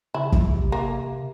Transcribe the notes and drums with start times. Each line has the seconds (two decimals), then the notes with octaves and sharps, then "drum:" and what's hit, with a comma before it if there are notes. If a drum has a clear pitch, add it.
0.14 C#3 E4
0.32 drum: kick
0.52 C3
0.72 A#3